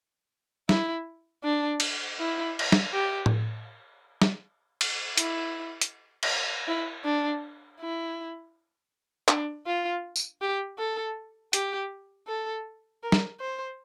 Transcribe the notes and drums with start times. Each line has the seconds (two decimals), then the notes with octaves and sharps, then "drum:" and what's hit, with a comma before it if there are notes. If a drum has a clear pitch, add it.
0.69 E4, drum: snare
1.44 D4
1.80 drum: cymbal
2.19 E4
2.59 drum: cymbal
2.72 drum: snare
2.93 G4
3.26 drum: tom A2
4.22 drum: snare
4.81 drum: cymbal
5.17 E4, drum: hi-hat
5.81 drum: hi-hat
6.23 drum: cymbal
6.68 E4
7.04 D4
7.80 E4
9.28 D4, drum: clap
9.66 F4
10.16 drum: tambourine
10.42 G4
10.78 A4
11.53 G4, drum: hi-hat
12.28 A4
13.03 A#4
13.12 drum: snare
13.40 C5